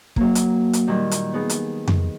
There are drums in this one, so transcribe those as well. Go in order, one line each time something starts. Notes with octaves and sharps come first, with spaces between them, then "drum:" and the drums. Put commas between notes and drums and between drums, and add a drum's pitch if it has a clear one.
F#3 A#3, drum: kick
drum: hi-hat
drum: hi-hat
A#2 D#3 G3
drum: hi-hat
B3 D#4 G#4
drum: hi-hat
drum: tom F2